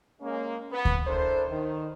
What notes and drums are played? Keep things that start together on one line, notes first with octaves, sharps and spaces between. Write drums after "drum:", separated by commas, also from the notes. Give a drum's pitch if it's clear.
G#3 A#3 C#4
B3
drum: kick D2
D4 E4 A4 A#4 C5
D#3